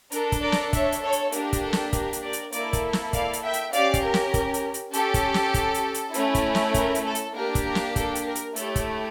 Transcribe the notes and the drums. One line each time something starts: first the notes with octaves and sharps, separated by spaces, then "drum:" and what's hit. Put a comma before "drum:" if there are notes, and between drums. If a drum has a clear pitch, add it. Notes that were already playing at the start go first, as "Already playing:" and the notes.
D4 A4 A#4, drum: hi-hat
drum: kick, hi-hat
A#4 D5
drum: snare
C#5 E5, drum: kick, hi-hat
drum: hi-hat
A4 C#5
drum: hi-hat
A#3 D4 G4 A#4, drum: hi-hat
drum: kick, hi-hat
A4
drum: snare
A#4, drum: kick, hi-hat
drum: hi-hat
A#4 D5
drum: hi-hat
A#3 E4 A4 A#4 D5, drum: hi-hat
drum: kick, hi-hat
drum: snare
D5 F5, drum: kick, hi-hat
drum: hi-hat
E5 G5
drum: hi-hat
C#4 G4 D5 F5, drum: hi-hat
drum: kick, hi-hat
A#4
drum: snare
drum: kick, hi-hat
drum: hi-hat
drum: hi-hat
C#4 G4 A4, drum: hi-hat
drum: kick, hi-hat
drum: snare
drum: kick, hi-hat
drum: hi-hat
drum: hi-hat
A3 C#4 E4, drum: hi-hat
drum: kick, hi-hat
drum: snare
A#4, drum: kick, hi-hat
drum: hi-hat
A4
drum: hi-hat
A#3 D4 G4 A#4
drum: kick, hi-hat
A#4
drum: snare
A4, drum: kick, hi-hat
drum: hi-hat
A#4
drum: hi-hat
A3 E4 G4 A4 C#5, drum: hi-hat
drum: kick, hi-hat